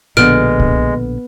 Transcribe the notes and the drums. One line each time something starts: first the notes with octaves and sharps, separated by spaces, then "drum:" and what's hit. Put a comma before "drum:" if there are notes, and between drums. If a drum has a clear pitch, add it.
A#1 B2 D3 G#3 B3 F6 D7
drum: kick